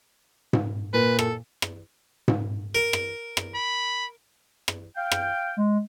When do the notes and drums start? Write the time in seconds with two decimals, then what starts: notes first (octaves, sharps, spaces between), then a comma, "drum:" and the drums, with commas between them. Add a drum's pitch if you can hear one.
0.53 drum: tom G#2
0.93 A#2 B4
1.19 A4, drum: rim click
1.62 drum: rim click
2.28 drum: tom G#2
2.75 A#4
2.93 drum: rim click
3.37 drum: rim click
3.55 B5
4.68 drum: rim click
4.96 F5 G5
5.12 drum: rim click
5.57 G#3